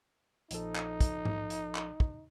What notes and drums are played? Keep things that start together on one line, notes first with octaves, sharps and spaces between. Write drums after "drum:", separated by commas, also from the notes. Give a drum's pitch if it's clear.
A#1 F3 D#4 A4, drum: hi-hat
drum: clap
drum: kick, hi-hat
drum: tom G#2
drum: hi-hat
drum: clap
drum: kick